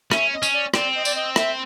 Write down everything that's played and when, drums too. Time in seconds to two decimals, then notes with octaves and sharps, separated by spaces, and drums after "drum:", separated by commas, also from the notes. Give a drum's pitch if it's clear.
0.12 C#4 E5, drum: rim click
0.33 D#5
0.43 C#4, drum: tambourine
0.53 D5
0.74 C4 D5, drum: rim click
0.95 D#5
1.05 D5, drum: tambourine
1.15 D#5
1.36 E5, drum: rim click